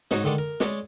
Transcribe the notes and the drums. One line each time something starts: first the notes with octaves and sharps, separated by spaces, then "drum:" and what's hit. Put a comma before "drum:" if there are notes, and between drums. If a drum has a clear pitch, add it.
G#2 D#4 F#4 C#5, drum: snare
D3 D#3 G#3 D5
A#4
G#3 C#5 D5, drum: snare